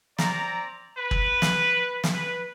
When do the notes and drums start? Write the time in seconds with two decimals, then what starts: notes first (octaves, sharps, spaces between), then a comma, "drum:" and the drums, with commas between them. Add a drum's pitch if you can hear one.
0.18 C4 D5 A#5, drum: snare
0.98 B4
1.11 drum: kick
1.42 drum: snare
2.04 drum: snare
2.13 B4